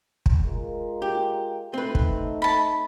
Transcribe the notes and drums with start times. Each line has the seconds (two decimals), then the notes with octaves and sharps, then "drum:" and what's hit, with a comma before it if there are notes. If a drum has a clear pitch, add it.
0.26 drum: kick
0.46 G#3 F4 A#4
1.02 G4
1.74 A3 C4 D#4 B4
1.95 drum: kick
2.42 A5 B5